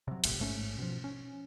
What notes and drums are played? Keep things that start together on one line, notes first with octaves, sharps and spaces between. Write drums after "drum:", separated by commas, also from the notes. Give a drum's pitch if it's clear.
C3 F#3
F1 A#1 A2 C3, drum: cymbal
A1 G#2 A3 C#4
B2 F3
C#4